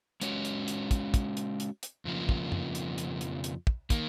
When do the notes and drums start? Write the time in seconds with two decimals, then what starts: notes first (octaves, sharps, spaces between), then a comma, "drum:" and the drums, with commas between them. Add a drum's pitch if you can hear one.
0.21 G#3 C#4 F#4 C#5, drum: hi-hat
0.45 drum: hi-hat
0.68 drum: hi-hat
0.91 drum: kick, hi-hat
1.14 drum: kick, hi-hat
1.37 drum: hi-hat
1.60 drum: hi-hat
1.83 drum: hi-hat
2.05 F2 C#3 F3 A#3
2.29 drum: kick
2.52 drum: tom F#2
2.75 drum: hi-hat
2.98 drum: hi-hat
3.21 drum: hi-hat
3.44 drum: hi-hat
3.67 drum: kick
3.90 D#3 A#3, drum: kick, hi-hat